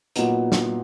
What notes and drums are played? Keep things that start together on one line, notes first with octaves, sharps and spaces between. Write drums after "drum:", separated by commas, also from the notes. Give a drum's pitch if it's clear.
A#2 F#3 B3 D#4, drum: hi-hat
drum: snare